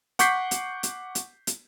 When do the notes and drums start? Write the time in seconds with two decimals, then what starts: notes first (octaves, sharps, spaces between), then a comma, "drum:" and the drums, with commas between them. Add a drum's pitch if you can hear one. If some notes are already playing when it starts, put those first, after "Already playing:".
0.19 F#5 C#6 D6 G6 B6 C7, drum: hi-hat
0.51 drum: hi-hat
0.83 drum: hi-hat
1.15 drum: hi-hat
1.47 drum: hi-hat